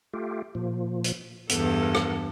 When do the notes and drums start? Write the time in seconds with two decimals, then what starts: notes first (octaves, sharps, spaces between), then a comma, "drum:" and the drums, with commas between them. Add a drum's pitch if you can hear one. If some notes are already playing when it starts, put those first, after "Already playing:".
0.14 A3 F4 G4
0.55 A#2 F3
1.04 drum: hi-hat
1.49 E2 G2 B3 A4, drum: hi-hat
1.82 A#4 F#5
1.95 drum: rim click